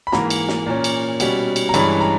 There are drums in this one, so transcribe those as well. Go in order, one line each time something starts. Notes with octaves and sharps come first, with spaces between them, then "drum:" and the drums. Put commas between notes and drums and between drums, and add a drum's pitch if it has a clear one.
B5
G#2 E3 A#3 A#5, drum: snare
drum: cymbal
drum: snare
A#2 A#3 C#4
drum: cymbal
B2 G3 C#4, drum: cymbal
drum: cymbal
A#5
G2 E3 G#3 C#4 B5, drum: cymbal
A#5